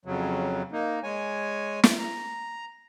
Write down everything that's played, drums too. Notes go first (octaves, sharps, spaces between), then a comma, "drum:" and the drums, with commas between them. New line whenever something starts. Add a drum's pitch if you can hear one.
F2 C#3 F#3
A#3 D#4
G#3 C#5 G#5
drum: snare
A#5